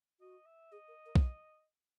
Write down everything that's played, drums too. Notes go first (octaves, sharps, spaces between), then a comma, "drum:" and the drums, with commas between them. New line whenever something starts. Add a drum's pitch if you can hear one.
F#4 D#5
E5
G#4 D#5
A#4
A#4
drum: kick B1